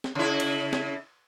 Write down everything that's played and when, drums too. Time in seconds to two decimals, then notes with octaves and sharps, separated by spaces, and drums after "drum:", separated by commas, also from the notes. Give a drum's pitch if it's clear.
0.04 drum: snare
0.15 C#3 E4
0.40 drum: cymbal
0.73 drum: snare